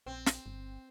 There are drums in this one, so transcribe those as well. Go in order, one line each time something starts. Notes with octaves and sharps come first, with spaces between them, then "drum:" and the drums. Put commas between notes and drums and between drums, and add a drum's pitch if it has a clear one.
A#1 C4
drum: snare
G1